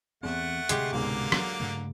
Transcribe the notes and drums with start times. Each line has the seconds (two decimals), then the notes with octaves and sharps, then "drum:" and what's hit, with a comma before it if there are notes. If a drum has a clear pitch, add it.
0.23 E2 E3 A3 C4 F#5
0.69 D1 C3 G#3 G4 C7, drum: hi-hat
0.92 C#2 G#2 B2 D3 A#3 D6
1.32 F#3, drum: rim click
1.60 G2 C#3 A3